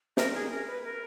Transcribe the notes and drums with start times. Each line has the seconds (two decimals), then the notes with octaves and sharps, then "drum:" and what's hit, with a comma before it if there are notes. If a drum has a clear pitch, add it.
0.17 A#4, drum: snare
0.34 G#4
0.50 A#4
0.67 B4
0.84 A#4